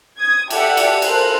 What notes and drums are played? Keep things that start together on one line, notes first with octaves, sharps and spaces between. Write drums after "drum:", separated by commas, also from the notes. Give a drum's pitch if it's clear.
D#6 G#6
G4 A4 D5 E5 F#5, drum: cymbal
drum: cymbal
A4 A#4 C5 F#6, drum: cymbal